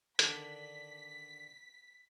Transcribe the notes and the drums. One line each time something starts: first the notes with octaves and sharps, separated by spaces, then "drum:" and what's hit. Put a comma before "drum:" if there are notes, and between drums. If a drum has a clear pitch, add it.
D3 D#3 D4 B6, drum: hi-hat